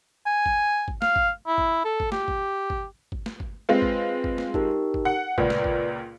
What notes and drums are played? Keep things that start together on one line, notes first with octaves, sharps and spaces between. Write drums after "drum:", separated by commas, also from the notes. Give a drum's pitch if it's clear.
G#5
drum: kick
drum: kick
F5, drum: snare
drum: kick
E4
drum: kick
A4
drum: kick
G4, drum: snare
drum: kick
drum: kick
drum: kick
drum: snare
drum: kick
G#3 C4 F4 B4
drum: kick
drum: kick
drum: snare
D#4 G4 A#4, drum: kick
drum: kick
F#5
C#2 A#2 B4 D5, drum: kick
drum: snare
drum: kick